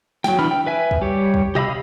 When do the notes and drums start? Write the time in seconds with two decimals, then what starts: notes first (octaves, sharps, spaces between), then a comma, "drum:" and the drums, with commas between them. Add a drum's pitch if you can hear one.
0.24 F#3 G5, drum: snare
0.39 E3 D4 B5 F6
0.51 G5
0.66 B4 E5 G#5
0.91 drum: kick
1.01 G3 G4 C#5
1.34 drum: kick
1.55 G4 D#5 F5 B5 E6, drum: tom B2